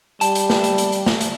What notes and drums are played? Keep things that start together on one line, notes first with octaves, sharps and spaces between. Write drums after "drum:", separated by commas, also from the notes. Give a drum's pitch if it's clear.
G3 A5, drum: hi-hat
drum: hi-hat
drum: snare
drum: hi-hat
drum: hi-hat
drum: hi-hat
drum: snare
drum: hi-hat